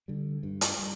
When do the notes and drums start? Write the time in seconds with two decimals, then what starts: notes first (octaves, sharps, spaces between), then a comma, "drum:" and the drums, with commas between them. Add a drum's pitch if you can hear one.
0.08 D3 G3
0.43 G2
0.61 drum: hi-hat
0.79 G3